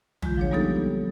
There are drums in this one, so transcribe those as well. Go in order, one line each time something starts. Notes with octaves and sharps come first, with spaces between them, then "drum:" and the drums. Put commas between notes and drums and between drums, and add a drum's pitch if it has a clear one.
D3 G#3 F4 G6, drum: tom
F3 F#3 D4 G#4 C#5
G3 A#3 B3 D#4 G4 A4